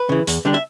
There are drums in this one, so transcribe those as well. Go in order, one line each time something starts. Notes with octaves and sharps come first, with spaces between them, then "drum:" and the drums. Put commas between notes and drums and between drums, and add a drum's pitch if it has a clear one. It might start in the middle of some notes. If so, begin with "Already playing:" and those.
Already playing: B4
C#3 E3
E2, drum: hi-hat
D3 G3 D4
E5